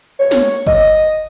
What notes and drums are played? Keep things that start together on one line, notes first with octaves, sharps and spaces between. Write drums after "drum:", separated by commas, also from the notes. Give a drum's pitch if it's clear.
C#5
drum: snare
D#5, drum: kick